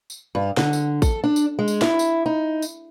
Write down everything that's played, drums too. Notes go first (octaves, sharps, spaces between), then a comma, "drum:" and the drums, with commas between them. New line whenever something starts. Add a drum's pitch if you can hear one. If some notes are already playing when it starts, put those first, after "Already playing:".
drum: tambourine
G2
D3, drum: snare
drum: tambourine
A4, drum: kick, tambourine
D4
drum: tambourine
G#3
drum: tambourine
E4, drum: snare
drum: tambourine
D#4
drum: tambourine